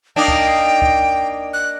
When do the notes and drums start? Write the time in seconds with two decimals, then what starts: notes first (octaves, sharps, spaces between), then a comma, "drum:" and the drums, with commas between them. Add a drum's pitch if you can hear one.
0.16 A#3 D4 D#4 G5
0.28 drum: kick C#2
0.82 drum: kick C#2
1.53 F#6